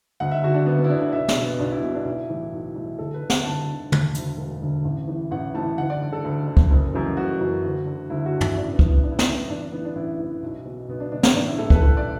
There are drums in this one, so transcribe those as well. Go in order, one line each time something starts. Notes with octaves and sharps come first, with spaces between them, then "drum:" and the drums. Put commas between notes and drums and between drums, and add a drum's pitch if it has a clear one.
D2 F#5
E5
D3 F#4
D4
D2 B3
B3
E4
D3 D4
D4
B1 E5
D4, drum: snare
B2
B3
B1 D4
E4
B2 B3
D4
B1 E4
A2 E3
B1
A2 E3
D2 A4
B4
D3
F#5, drum: snare
D2 A5
D3
E1, drum: tom
D2 D3, drum: hi-hat
E1
D2 D3
A1
A2 E3
A1 F#5
A2 E3 A5
D2 F#5
D5
D3
A4
D2
D3
drum: kick
F#1
F#2 E3
F#1 F#4
F#2 E3
D2
D3
D2 E4
F#4
D3
E4, drum: tom
A1 D4
B3
A2 E3, drum: kick
B3
A1 D4
E4
D4, drum: snare
A2 E3
B3
A1 D4
D4
A2 E3 B3
D4
A1 E4
A2 E3
B1
B2
B1 B3
D4
B2 D4
B3, drum: snare
A1 D4
E4
A2 E3 A4
B4, drum: kick
A4
A1 B4
D5